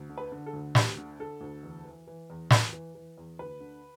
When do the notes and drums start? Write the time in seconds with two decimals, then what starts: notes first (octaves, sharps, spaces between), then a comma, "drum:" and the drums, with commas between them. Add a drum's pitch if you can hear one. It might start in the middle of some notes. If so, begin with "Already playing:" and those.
Already playing: D2
0.10 D3
0.18 B4
0.32 D3
0.46 A4
0.53 D2
0.75 D2 G4, drum: snare
0.98 D3
1.20 D3 A4
1.41 D2
1.63 E2
1.85 E3
2.07 E3
2.30 E2
2.51 E2, drum: snare
2.73 E3
2.95 E3
3.18 E2
3.39 D2 B4
3.60 D3